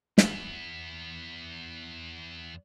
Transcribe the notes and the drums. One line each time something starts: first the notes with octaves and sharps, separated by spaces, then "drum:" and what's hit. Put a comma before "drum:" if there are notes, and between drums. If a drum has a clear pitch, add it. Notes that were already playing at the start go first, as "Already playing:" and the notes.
E2 B3, drum: snare